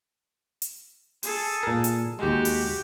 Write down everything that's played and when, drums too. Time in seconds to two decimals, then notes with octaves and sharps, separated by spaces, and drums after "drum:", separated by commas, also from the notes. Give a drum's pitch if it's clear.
0.62 drum: hi-hat
1.23 G#4 A4, drum: open hi-hat
1.63 A#2 A#4
1.84 drum: hi-hat
2.19 D#2 G#3 F#4 G4
2.45 drum: open hi-hat